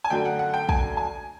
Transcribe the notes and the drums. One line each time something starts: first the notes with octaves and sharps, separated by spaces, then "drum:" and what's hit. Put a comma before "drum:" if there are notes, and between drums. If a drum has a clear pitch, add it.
G#5
F#2 D3 F#3 A3 D4 G5
F#5
F#5
G5
G#5, drum: kick
G#5